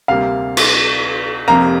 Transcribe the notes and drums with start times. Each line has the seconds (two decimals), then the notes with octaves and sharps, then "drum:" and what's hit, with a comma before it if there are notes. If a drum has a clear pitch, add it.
0.08 D2 C3 G3 A#3 F5
0.57 drum: cymbal
1.48 F1 F2 C3 A#3 A#5